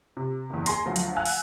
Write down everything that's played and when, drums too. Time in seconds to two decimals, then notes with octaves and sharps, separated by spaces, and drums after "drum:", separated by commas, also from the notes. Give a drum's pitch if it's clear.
0.17 C3
0.50 F#1 E2
0.66 G#4 G#5 A#5 C6 A#6 C7, drum: hi-hat
0.85 D2 F3 F#3
0.96 drum: hi-hat
1.16 F5 F#5 G#5 E6 F#6
1.25 drum: open hi-hat